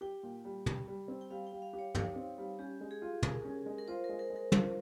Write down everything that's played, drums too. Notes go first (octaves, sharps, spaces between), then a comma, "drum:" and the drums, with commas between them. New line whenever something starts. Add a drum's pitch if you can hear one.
G4 G5
A#2
G3
G3, drum: tom
G3
C4
G5
G3 F5
G5
G3
F5
G4
C#5
D#4 G4, drum: tom
C4
G3
C#4 G4
G#3
G#4
F4
G#4 A#4, drum: tom
C#4
G#3
A#4
F4 C5
A#4
G#3
A#4
G#3
A#4
F4 C5, drum: tom